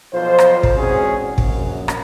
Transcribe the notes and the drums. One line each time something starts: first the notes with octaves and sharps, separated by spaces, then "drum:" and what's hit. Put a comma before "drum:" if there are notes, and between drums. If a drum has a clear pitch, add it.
B1 F3 F4 C5
drum: rim click
drum: kick
E2 G#3 C4 C#4 F#4 G#4
A#1 F#2, drum: kick
drum: rim click